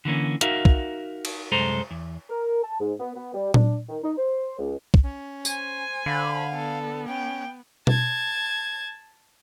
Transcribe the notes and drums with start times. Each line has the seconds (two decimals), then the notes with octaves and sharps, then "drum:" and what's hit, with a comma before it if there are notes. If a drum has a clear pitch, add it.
0.05 D3 E3 A#3 C#4
0.41 D#4 F#4 A#4 E5 F5, drum: hi-hat
0.65 drum: kick
1.25 drum: cymbal
1.52 C2 F#2 G#3 A4 C5 A#5
1.91 E2
2.30 A#4
2.64 A5
2.80 G#2
3.00 B3
3.15 B3
3.34 G3
3.54 D4, drum: tom A#2
3.89 D#3
4.04 D#4
4.18 C5
4.59 C#2
4.94 drum: kick
5.03 C#4
5.45 C5 G#5, drum: tambourine
6.06 D3 F5 B5
6.55 B3 A4
7.08 C#4 G5
7.87 A5 G#6, drum: tom B2